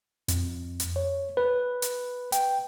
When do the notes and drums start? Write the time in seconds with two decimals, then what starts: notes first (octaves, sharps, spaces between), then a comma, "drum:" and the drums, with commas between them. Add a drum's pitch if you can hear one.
0.28 F2, drum: hi-hat
0.80 drum: hi-hat
0.96 C#5
1.37 B4
1.82 drum: hi-hat
2.32 G5, drum: hi-hat